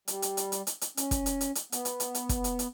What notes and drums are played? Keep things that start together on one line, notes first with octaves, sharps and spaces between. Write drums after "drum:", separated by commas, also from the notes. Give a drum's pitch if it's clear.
G3, drum: hi-hat
drum: hi-hat
drum: hi-hat
drum: hi-hat
drum: hi-hat
drum: hi-hat
C#4, drum: hi-hat
drum: kick, hi-hat
drum: hi-hat
drum: hi-hat
drum: hi-hat
B3, drum: hi-hat
drum: hi-hat
drum: hi-hat
drum: hi-hat
drum: kick, hi-hat
drum: hi-hat
drum: hi-hat